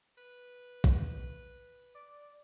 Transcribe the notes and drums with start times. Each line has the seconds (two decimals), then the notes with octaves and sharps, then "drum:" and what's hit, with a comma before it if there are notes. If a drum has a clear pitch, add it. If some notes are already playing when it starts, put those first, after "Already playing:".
0.18 B4
0.84 drum: kick
1.95 D5